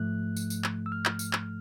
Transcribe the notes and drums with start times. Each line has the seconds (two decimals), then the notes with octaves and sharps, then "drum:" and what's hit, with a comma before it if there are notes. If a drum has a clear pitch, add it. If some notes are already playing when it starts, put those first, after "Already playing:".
Already playing: G#2 F3 A3 F#6
0.36 drum: tambourine
0.50 drum: tambourine
0.64 drum: clap
0.86 E6
0.92 F6
1.05 drum: clap
1.19 drum: tambourine
1.33 drum: clap